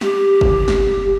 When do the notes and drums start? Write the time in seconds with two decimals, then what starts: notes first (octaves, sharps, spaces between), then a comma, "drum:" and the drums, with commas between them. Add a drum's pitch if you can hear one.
0.01 G4, drum: snare
0.41 drum: kick
0.68 drum: snare